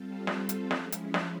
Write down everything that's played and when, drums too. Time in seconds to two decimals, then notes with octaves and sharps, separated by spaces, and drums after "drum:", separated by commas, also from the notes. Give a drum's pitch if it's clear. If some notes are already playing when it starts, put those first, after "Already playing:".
Already playing: G3 C4 F4 A4
0.27 drum: snare
0.49 drum: hi-hat
0.71 F3 G#3 C#4 E4, drum: snare
0.92 drum: hi-hat
1.14 drum: snare